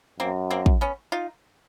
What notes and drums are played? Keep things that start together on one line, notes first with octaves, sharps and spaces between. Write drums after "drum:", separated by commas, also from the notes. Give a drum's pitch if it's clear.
F#2 A#3 C4
A#3 C4
drum: kick
B3 C#4
D#4 F4